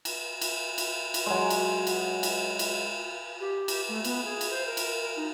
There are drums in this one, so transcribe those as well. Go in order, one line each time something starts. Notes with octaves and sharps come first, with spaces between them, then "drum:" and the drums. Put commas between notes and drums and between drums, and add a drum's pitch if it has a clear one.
drum: cymbal
drum: cymbal
drum: cymbal
drum: cymbal
F#3 G#3
drum: cymbal
drum: cymbal
drum: cymbal
drum: cymbal
G4
drum: cymbal
A3
B3, drum: cymbal
G#4
drum: cymbal
C5
A#4
drum: cymbal
A#4
D#4